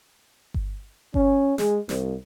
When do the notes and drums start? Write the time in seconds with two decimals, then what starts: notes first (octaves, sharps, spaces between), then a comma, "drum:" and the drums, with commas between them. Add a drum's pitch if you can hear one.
0.54 drum: kick G1
1.14 C#4, drum: kick G1
1.58 G#3, drum: snare
1.89 C2, drum: snare